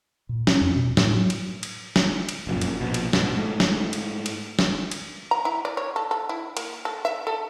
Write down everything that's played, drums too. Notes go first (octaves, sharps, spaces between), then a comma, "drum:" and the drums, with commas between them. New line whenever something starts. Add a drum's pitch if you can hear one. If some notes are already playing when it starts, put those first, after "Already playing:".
A#2
C#4, drum: snare
F2
B2
A2, drum: snare
F#3
drum: cymbal
drum: cymbal
drum: snare
drum: cymbal
F1 F#2 A#2
drum: cymbal
A#1 B2
drum: cymbal
G#2 B2, drum: snare
G#2 A3
drum: snare
drum: cymbal
drum: cymbal
drum: snare
drum: cymbal
A#5
E4
D5
C#5
A4
A4
E4
A#3, drum: cymbal
A4
E5
A4